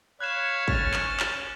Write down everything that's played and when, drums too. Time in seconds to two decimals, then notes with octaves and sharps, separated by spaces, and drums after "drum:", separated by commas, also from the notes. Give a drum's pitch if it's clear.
0.20 C#5 F5 B5 F#6 G#6 E7
0.68 C#4 F6 A6, drum: kick
0.94 drum: clap
1.20 drum: clap